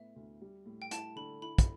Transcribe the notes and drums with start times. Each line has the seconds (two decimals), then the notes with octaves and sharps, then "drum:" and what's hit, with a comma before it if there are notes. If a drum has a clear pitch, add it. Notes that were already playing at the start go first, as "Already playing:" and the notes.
Already playing: A2 B3 E5
0.16 D2
0.41 G3
0.66 A2
0.82 G5
0.91 E4 A5, drum: hi-hat
1.16 D3 B5
1.42 E4 B5
1.58 drum: kick, hi-hat